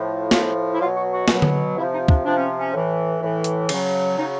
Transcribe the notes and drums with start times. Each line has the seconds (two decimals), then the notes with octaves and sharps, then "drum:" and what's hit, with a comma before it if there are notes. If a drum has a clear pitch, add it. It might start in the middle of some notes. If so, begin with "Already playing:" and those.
Already playing: A2 F3
0.31 A2 F3, drum: snare
0.74 E4
0.80 B2 F#3 F4
0.96 F#4
1.12 F#4
1.28 B2 F#3, drum: snare
1.42 drum: tom D3
1.76 C3 F3 E4
1.92 D#4
2.08 D4, drum: kick
2.24 C3 F3 D4
2.36 C#4
2.58 C#4
2.72 A2 E3
3.21 A2 E3
3.44 drum: hi-hat
3.69 C#3 F#3, drum: cymbal
4.18 C#3 F#3 D#4